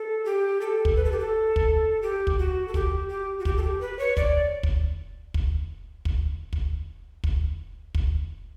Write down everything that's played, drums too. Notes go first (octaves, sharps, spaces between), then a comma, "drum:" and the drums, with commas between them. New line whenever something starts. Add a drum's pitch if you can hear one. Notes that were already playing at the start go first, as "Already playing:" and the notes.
Already playing: A4
G4
A4
drum: kick
B4
A4
G4
A4
drum: kick
G4
drum: kick
F#4
A4
G4, drum: kick
G4
F#4
G4, drum: kick
A4
G4
B4
C#5
D5, drum: kick
drum: kick
drum: kick
drum: kick
drum: kick
drum: kick
drum: kick